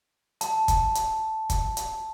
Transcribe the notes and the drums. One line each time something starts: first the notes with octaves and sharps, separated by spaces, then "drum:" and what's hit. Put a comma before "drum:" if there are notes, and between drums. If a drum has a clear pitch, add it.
A5, drum: hi-hat
drum: kick, hi-hat
drum: hi-hat
drum: kick, hi-hat
drum: hi-hat